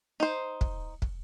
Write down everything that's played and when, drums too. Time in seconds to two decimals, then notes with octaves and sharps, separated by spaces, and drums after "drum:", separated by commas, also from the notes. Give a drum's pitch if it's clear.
0.20 D#4 C5
0.61 drum: kick
1.02 drum: kick